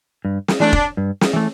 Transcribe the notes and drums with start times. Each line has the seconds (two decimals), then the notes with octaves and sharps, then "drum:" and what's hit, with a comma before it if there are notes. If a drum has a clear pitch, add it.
0.25 G2
0.48 drum: snare
0.60 E3 A3 D4
0.73 drum: kick F1
0.97 G2
1.21 drum: snare
1.33 E3 A3